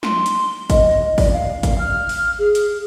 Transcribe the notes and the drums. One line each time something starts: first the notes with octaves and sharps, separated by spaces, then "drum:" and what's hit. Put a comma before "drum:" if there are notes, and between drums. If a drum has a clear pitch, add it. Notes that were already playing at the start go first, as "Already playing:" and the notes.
C6, drum: snare
drum: hi-hat
D#5, drum: kick G#1, hi-hat
D5, drum: kick G#1, open hi-hat
F5
drum: kick G#1, hi-hat
F6
drum: open hi-hat
G#4
drum: hi-hat